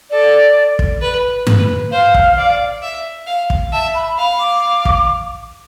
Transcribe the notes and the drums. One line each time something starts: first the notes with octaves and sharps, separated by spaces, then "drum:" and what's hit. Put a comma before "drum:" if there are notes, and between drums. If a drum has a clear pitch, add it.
A4 D5
drum: kick
B4
B4, drum: tom G2
C5 F5
drum: kick
D5
E5
F5
drum: kick
E5 A5
B5
F5 B5
D6
drum: kick